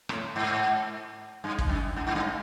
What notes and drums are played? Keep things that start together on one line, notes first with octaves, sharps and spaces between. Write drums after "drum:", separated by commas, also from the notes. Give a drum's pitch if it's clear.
A2, drum: rim click
G#2
G2
drum: kick
F#2
G#2
G#2
G2